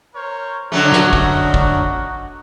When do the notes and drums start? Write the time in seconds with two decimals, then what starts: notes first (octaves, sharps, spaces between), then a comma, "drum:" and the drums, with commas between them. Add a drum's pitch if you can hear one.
0.14 A#4 C5 C#5
0.72 D3 F#3 A3 D#4 F#4 A#4
0.92 drum: snare
1.13 drum: kick
1.54 drum: kick